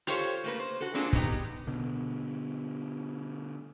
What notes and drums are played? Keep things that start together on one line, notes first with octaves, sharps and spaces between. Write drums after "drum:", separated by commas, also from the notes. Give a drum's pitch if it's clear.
F4 G4 A4 C5 C#5 F5, drum: hi-hat
A3 A#3 B4
C5
F#4 A4
A#3 C4 D4 F4 G#4 A4
F#3 B3 D#4 G4, drum: kick
B2 D3